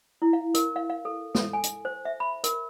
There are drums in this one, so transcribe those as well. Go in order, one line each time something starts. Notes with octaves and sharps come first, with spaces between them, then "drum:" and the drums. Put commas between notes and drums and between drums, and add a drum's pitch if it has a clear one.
E4
F5
A#4, drum: hi-hat
F5
F5
A4
A4, drum: snare
G#5
drum: hi-hat
C5
E5
B5
A#4, drum: hi-hat